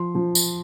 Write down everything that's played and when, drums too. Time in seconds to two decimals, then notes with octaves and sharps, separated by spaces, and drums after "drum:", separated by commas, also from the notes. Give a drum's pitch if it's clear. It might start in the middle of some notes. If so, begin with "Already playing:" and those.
Already playing: F3 C6
0.15 F3
0.35 drum: tambourine